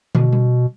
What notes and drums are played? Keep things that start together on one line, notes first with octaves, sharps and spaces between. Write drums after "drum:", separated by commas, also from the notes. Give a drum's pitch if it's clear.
B2, drum: tom
drum: tom G3